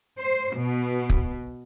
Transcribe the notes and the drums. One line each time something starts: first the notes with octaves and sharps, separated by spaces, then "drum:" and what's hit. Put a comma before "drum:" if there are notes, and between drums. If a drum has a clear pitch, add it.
C5
B2
drum: kick